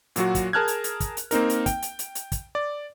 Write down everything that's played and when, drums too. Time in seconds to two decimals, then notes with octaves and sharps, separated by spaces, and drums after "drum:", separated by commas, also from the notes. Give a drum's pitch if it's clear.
0.16 A#2 F#3 F#4, drum: hi-hat
0.35 drum: kick, hi-hat
0.53 G#4 A#4 A5 F6 F#6 G#6
0.68 drum: hi-hat
0.84 drum: hi-hat
1.00 drum: kick, hi-hat
1.17 drum: hi-hat
1.31 A#3 C4 D#4 A#4, drum: hi-hat
1.50 drum: hi-hat
1.66 G5, drum: kick, hi-hat
1.82 drum: hi-hat
1.99 drum: hi-hat
2.15 drum: hi-hat
2.32 drum: kick, hi-hat
2.55 D5